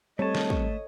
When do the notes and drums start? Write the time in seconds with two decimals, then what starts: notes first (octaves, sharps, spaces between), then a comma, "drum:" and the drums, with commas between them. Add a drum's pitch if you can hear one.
0.19 G3 A3 C4 A4 C#5 D#5 A5
0.35 drum: snare
0.50 drum: kick